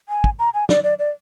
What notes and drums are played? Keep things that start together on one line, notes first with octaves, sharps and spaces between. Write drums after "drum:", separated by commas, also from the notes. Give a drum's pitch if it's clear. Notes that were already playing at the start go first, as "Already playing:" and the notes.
G#5
drum: kick
A#5
G#5
D5, drum: snare
D5
D5